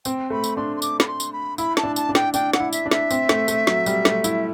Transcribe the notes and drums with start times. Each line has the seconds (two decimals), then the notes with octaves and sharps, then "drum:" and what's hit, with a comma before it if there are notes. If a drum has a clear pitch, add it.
0.05 C4 G5, drum: tambourine
0.30 A3 B5
0.44 drum: tambourine
0.57 D4 C6
0.77 C6
0.82 D6, drum: tambourine
1.00 B5, drum: snare
1.07 C6
1.20 drum: tambourine
1.33 B5
1.58 E4 B5, drum: tambourine
1.77 A5, drum: snare
1.84 D4
1.96 A5, drum: tambourine
2.09 D4
2.15 G5, drum: snare
2.34 D4 G5, drum: tambourine
2.53 F#5, drum: snare
2.60 E4
2.73 E5, drum: tambourine
2.86 D4
2.91 E5, drum: snare
3.11 C4, drum: tambourine
3.29 A3, drum: snare
3.48 A3, drum: tambourine
3.67 F#3, drum: snare
3.86 G3, drum: tambourine
4.05 A3, drum: snare
4.24 E4, drum: tambourine